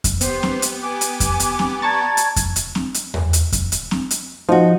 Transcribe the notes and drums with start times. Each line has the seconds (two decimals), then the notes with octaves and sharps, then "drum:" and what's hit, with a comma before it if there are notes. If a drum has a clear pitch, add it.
0.04 drum: kick F2, hi-hat
0.21 B3 G4 C5, drum: hi-hat
0.43 drum: snare C4
0.62 drum: hi-hat
0.82 G#5 D6
1.01 drum: hi-hat
1.20 drum: kick F2, hi-hat
1.40 drum: hi-hat
1.59 drum: snare C4
1.82 D5 A5 A#5 C#6 G#6 A6
2.17 drum: hi-hat
2.36 drum: kick F2, hi-hat
2.56 drum: hi-hat
2.75 drum: snare C4
2.94 drum: hi-hat
3.14 drum: tom E2
3.33 drum: hi-hat
3.52 drum: kick F2, hi-hat
3.72 drum: hi-hat
3.91 drum: snare C4
4.11 drum: hi-hat
4.49 F3 D#4 F#4